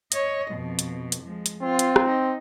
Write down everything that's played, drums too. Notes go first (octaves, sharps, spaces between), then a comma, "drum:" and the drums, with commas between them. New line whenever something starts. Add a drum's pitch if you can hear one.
C#5 D#5, drum: hi-hat
F2 B2
drum: hi-hat
drum: hi-hat
F3 G#3
drum: hi-hat
C4 F4
drum: hi-hat
drum: rim click
D#4